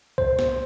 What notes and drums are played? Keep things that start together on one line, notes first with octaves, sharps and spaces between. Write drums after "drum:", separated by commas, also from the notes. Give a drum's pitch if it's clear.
C5, drum: kick C2
drum: snare